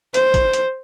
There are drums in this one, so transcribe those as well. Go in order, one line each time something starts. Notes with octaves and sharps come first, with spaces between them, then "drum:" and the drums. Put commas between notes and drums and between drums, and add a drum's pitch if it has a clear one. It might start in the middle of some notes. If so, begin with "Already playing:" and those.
C5, drum: hi-hat
drum: kick, hi-hat
drum: hi-hat